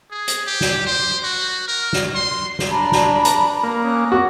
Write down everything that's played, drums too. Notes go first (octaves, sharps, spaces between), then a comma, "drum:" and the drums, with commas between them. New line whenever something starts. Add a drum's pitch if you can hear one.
G#4
drum: hi-hat
G4
drum: snare
C5
F#4
A#4
drum: snare
C6
drum: snare
D4 A#5 B5
drum: snare
drum: hi-hat
A#3
C#4 D6 D#6 F#6
F#4